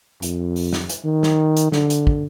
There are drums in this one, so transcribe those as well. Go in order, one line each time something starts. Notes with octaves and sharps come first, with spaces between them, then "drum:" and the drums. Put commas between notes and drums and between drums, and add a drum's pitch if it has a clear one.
F2, drum: hi-hat
drum: open hi-hat
drum: snare
drum: hi-hat
D#3
drum: snare
drum: hi-hat
D3, drum: snare
drum: hi-hat
drum: kick